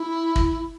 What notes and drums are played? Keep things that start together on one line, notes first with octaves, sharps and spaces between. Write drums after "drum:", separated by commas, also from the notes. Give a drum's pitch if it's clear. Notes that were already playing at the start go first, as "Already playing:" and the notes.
Already playing: E4
drum: kick